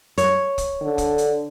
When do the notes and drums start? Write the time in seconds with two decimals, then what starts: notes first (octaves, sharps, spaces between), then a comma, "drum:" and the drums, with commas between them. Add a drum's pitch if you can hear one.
0.18 C#5, drum: hi-hat
0.58 drum: kick, hi-hat
0.82 D3
0.98 drum: kick, hi-hat
1.18 drum: hi-hat